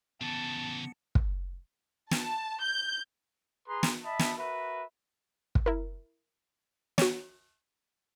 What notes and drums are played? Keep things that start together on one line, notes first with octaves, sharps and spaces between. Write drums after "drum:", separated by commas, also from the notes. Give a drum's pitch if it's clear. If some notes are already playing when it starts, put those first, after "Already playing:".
C#3 E3 B3 A5 C#7
drum: kick
A5, drum: snare
G6
G#4 B4 A#5 C6
drum: snare
D#5 E5 A5 B5
drum: snare
F#4 A#4 B4 E5
drum: kick
E4 A#4
F#4 C#5, drum: snare